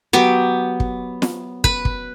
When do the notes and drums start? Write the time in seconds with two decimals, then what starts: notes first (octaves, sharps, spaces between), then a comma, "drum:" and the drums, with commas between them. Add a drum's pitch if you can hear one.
0.13 F#3 B3 G4 D6
0.80 drum: kick
1.22 drum: snare
1.64 B4, drum: kick
1.85 drum: kick